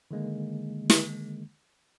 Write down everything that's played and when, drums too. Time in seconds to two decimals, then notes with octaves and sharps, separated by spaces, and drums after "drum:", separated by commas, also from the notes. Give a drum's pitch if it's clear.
0.11 D3 D#3 G#3 A#3
0.90 drum: snare